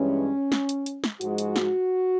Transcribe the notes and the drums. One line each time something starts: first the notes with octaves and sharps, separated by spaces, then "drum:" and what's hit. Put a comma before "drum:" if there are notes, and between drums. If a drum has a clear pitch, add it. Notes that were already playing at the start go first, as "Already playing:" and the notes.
Already playing: G2 E3 G#3 C#4
drum: snare
drum: hi-hat
drum: hi-hat
drum: snare
G#2 F3 G#3 F#4, drum: hi-hat
drum: hi-hat
drum: snare